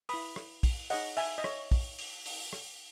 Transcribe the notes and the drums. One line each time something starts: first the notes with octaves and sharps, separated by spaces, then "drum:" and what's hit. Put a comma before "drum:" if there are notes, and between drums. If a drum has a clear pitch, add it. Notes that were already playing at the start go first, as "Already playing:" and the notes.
E4 B4 B5 D#6, drum: open hi-hat
drum: rim click
drum: kick, open hi-hat
D#4 G#4 C#5 D#5 F#5, drum: open hi-hat
E5 G#5, drum: open hi-hat
D#5
C#5, drum: rim click
drum: kick, open hi-hat
drum: open hi-hat
drum: open hi-hat
drum: rim click